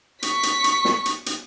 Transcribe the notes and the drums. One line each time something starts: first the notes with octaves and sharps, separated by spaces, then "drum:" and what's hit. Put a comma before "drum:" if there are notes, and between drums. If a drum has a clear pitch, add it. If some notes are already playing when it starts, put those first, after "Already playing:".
C#6 B6, drum: hi-hat
drum: hi-hat
drum: hi-hat
drum: snare
drum: hi-hat
drum: hi-hat